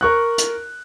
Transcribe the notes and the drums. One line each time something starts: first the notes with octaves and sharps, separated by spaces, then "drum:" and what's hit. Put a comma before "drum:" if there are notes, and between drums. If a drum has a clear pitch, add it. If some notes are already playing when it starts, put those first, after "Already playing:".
A#4 C#6 F#6
drum: hi-hat